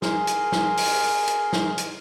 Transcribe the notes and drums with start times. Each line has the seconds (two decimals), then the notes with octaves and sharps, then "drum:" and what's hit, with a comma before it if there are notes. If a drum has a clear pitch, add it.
0.02 G#4 A#4 C6, drum: snare
0.27 drum: hi-hat
0.52 drum: snare
0.77 drum: open hi-hat
1.28 drum: hi-hat
1.53 drum: snare
1.78 drum: hi-hat